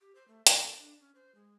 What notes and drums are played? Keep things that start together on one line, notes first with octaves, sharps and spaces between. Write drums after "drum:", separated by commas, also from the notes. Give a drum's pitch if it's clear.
G4
C5
A3
B3, drum: hi-hat
A4
D4
C#4
C5
G#3